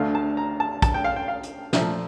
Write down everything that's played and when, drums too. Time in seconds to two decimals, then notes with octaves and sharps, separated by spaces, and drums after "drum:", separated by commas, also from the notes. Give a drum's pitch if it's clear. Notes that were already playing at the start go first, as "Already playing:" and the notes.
Already playing: D2 D3 A3 F5
0.15 A5
0.37 A#5
0.60 A5
0.82 A5, drum: kick, hi-hat
0.94 G5
1.04 F5
1.16 G5
1.28 F5
1.43 drum: hi-hat
1.73 A#2 F3 A3 E5, drum: snare